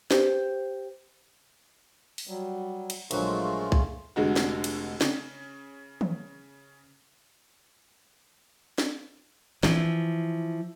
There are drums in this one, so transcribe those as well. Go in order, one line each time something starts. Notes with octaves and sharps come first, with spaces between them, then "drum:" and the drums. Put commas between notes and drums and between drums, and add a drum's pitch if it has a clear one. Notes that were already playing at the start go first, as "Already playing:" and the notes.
G4 C5 G5, drum: snare
drum: open hi-hat
F#3 G3
drum: cymbal
A#1 F#3 G#3 A3 F4, drum: cymbal
drum: kick
F1 D3 G#3 F#4
drum: snare
drum: cymbal
C#3, drum: snare
drum: tom D#3
drum: snare
E3 F3, drum: snare